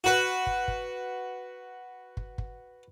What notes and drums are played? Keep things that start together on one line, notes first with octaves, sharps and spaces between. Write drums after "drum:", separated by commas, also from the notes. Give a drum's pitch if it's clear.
F#4 B4
drum: kick
drum: kick
drum: kick
drum: kick